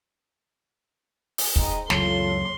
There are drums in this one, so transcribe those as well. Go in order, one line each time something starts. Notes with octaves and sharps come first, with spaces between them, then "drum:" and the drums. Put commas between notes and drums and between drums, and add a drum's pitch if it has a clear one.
drum: open hi-hat
G#3 C4 D#4, drum: kick
C#2 F#2 E3 F4 A4 C#5 C6, drum: snare